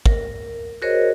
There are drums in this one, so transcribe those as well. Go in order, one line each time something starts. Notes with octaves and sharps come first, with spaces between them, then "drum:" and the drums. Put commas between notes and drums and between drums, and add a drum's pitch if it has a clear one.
A#4, drum: kick
F#4 G#4 A#4 C5 C#5 D#5